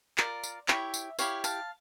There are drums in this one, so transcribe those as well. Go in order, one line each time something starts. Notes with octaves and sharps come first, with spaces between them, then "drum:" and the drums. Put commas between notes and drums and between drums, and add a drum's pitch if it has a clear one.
F4 A#4 D5, drum: clap
drum: tambourine
E4 G4 C#5 E5, drum: clap
drum: tambourine
E4 G4 C#5 F5, drum: tambourine
F5 A5, drum: tambourine